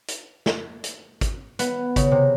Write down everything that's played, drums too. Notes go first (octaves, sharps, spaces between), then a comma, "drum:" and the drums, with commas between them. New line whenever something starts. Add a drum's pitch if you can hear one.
drum: hi-hat
drum: snare
drum: hi-hat
drum: kick G#1, hi-hat
B3, drum: hi-hat
C#3, drum: kick G#1, hi-hat
C3